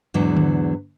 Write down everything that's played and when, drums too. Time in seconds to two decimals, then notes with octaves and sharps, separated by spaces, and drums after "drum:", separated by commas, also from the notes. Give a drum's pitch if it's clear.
0.14 E2 G#2 D3 E3 F#3
0.37 drum: tom D3